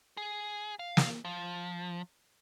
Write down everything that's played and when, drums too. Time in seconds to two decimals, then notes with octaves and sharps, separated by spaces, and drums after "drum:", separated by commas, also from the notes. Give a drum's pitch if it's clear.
0.17 G#4
0.79 F5
0.97 drum: snare
1.25 F3